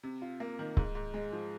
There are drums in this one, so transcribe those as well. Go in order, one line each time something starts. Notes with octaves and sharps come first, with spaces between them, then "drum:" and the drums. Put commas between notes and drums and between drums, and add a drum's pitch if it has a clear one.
C3
F4
A#3
D#3
G#2, drum: kick C#1
G#2
G#3
F3